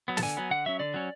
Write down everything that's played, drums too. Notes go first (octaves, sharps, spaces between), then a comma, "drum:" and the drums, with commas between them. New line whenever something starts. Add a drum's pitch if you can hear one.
F#3 B3
A5, drum: snare
D3 G#5
F#3 B3
D3 F#5
F#3 C#4 E5
D3 D5
F#3 C#4